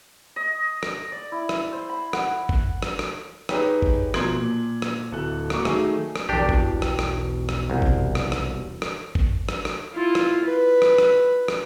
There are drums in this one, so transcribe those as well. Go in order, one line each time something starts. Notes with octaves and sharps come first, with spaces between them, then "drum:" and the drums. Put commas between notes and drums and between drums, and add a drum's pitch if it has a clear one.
D#5
drum: rim click
D5
E4
drum: rim click
C5
B5
F#5, drum: rim click
drum: kick G#1
drum: rim click
drum: rim click
D#4 G4 G#4 B4 C#5, drum: rim click
drum: kick G#1
B2 F3 A#4 C6 G#6 F#7, drum: rim click
A#2
drum: rim click
D1 A4 F#6
A#3 F#4 C#6 D6, drum: rim click
D#3 F#3 A3 G#4, drum: rim click
drum: rim click
E1 B1 D4 G4 G5
drum: kick G#1
drum: rim click
drum: rim click
drum: rim click
C2
drum: kick G#1
drum: rim click
drum: rim click
drum: rim click
drum: kick G#1
drum: rim click
drum: rim click
E4 F4
drum: rim click
B4
drum: rim click
drum: rim click
drum: rim click